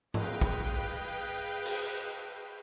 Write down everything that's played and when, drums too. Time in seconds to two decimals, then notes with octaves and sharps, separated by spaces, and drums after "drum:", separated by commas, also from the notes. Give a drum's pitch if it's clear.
0.14 G#4 B4 D#5 F5 G5, drum: tom G#2
0.41 drum: kick
1.65 drum: cymbal